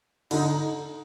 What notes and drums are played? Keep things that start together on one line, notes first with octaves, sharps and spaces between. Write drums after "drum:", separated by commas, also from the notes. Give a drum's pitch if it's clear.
D3 D#4, drum: cymbal